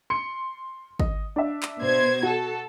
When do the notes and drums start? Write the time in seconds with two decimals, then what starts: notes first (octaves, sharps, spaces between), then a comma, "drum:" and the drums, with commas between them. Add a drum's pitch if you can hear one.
0.10 C6 C#7
1.00 D#5, drum: kick
1.36 D4 E5
1.63 drum: clap
1.80 B2 C5 G#6
2.23 F#4 A4